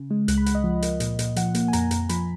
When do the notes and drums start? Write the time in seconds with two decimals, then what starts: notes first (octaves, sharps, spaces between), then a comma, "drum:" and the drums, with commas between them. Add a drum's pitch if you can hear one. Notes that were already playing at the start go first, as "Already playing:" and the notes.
Already playing: C#3
0.11 G#3
0.28 C#2 F#6, drum: hi-hat
0.38 B5
0.46 C#2 F#5, drum: hi-hat
0.55 D#5
0.64 F3
0.82 A#3, drum: hi-hat
1.00 A#2, drum: hi-hat
1.19 A#2, drum: hi-hat
1.36 F3 F#5, drum: hi-hat
1.55 A#3, drum: hi-hat
1.68 G#5
1.73 F2 A#5, drum: hi-hat
1.91 F2, drum: hi-hat
2.09 F3 B5, drum: hi-hat